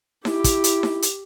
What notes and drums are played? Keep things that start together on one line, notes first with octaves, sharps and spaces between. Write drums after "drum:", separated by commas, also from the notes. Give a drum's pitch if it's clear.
E4 G4, drum: snare D#4
drum: kick, hi-hat
drum: hi-hat
drum: snare D#4
drum: hi-hat